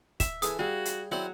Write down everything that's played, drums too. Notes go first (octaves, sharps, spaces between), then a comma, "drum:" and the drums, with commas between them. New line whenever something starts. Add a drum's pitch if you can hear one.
E5 E7, drum: kick, hi-hat
E3 G#4 A4 G#5 D#6, drum: hi-hat
G3 F#4 G#4 F5
drum: hi-hat
F#3 C4 E4 D5 F#5